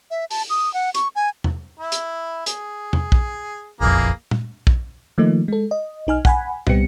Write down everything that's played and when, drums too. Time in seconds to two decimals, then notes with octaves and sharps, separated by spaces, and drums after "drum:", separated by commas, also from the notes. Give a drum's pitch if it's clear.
0.11 E5
0.31 A5, drum: open hi-hat
0.50 D#6
0.74 F#5
0.95 C#6, drum: hi-hat
1.15 G#5
1.44 drum: tom
1.79 E4
1.92 drum: hi-hat
2.46 G#4, drum: hi-hat
2.93 drum: tom
3.12 drum: kick
3.81 E1 A#1 F2 E3 A#3 G#4
4.31 drum: tom
4.67 drum: kick
5.18 D#3 F3 A3 A#3 D#4
5.48 G#3 A4
5.71 D#5
6.07 B1 D#4 G#5 F6
6.25 F#5 G#5 B5, drum: kick
6.67 C2 G3 B3 C4 G4 C#7, drum: tom